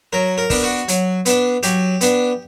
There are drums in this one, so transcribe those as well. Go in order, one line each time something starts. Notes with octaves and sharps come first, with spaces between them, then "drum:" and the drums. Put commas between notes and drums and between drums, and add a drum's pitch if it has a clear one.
F#3 A#4
A#4
B3 D4, drum: kick, open hi-hat
F#4
F#3, drum: hi-hat
B3 D4, drum: hi-hat
F#3 G4, drum: hi-hat
B3 D4, drum: hi-hat